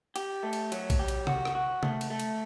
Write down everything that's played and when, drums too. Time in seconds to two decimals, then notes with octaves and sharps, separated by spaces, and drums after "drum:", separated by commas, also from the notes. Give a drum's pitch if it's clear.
0.16 G4, drum: cymbal
0.43 A3
0.53 drum: cymbal
0.72 F#3, drum: cymbal
0.90 drum: kick A#1, cymbal
0.99 G4
1.08 drum: cymbal
1.27 F#4, drum: tom C3
1.45 drum: rim click
1.55 F#4
1.83 A3, drum: tom C3
2.01 drum: cymbal
2.10 A3
2.20 drum: cymbal